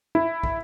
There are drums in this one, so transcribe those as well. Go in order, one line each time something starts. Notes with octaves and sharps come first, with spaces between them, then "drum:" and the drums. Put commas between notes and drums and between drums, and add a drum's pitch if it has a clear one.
E4
drum: kick